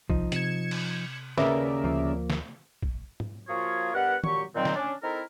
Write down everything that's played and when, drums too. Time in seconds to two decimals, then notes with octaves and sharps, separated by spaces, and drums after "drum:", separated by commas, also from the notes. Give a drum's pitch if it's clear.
0.10 C2 F3 D#4, drum: kick A#1
0.32 C3 G#6 C#7 E7, drum: hi-hat
0.71 drum: cymbal
1.38 D#2 C#3 A#4 B4 D5 E5, drum: snare
1.84 D2 F3 A#3
2.30 drum: snare
2.83 drum: kick A#1
3.20 drum: tom
3.48 F3 A#3 F4 F#4 G#4 C#5
3.93 G2 B3 G4 A#4 F#5
4.24 A#2 F#3 G4 C#6, drum: tom D#3
4.54 A#2 D#3 F#3 C4
4.65 drum: snare
4.76 C#4 D4
5.02 C4 D#4 E4 A4 A#4